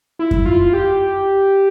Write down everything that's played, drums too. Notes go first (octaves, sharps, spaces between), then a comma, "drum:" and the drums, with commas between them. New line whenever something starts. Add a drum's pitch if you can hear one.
E4
drum: kick F#2
F4
G4